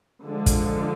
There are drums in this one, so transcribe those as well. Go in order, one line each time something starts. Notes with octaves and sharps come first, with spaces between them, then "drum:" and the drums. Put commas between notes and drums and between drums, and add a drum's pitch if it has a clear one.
D3 F3 G#3
drum: kick, hi-hat